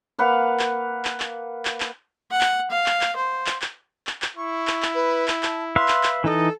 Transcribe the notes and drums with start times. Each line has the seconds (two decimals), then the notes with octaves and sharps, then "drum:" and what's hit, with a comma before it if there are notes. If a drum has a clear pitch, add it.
0.19 A#3 B4 F5 F#5
0.59 drum: clap
1.05 drum: clap
1.20 drum: clap
1.65 drum: clap
1.80 drum: clap
2.31 F#5
2.41 drum: clap
2.70 F5
2.86 drum: clap
3.01 drum: clap
3.16 C5
3.47 drum: clap
3.62 drum: clap
4.07 drum: clap
4.22 drum: clap
4.37 E4 C#6
4.67 drum: clap
4.82 drum: clap
4.94 B4
5.28 drum: clap
5.43 A5, drum: clap
5.76 B4 E5 F5 C6
5.88 drum: clap
6.03 drum: clap
6.24 E3 D#4 A4 D#5